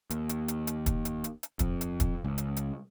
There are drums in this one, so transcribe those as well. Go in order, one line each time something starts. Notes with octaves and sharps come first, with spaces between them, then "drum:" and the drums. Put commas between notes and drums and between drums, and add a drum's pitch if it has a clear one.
D#2, drum: hi-hat
drum: hi-hat
drum: hi-hat
drum: hi-hat
drum: kick, hi-hat
drum: hi-hat
drum: hi-hat
drum: hi-hat
F2, drum: kick, hi-hat
drum: hi-hat
drum: kick, hi-hat
C#2
drum: hi-hat
drum: hi-hat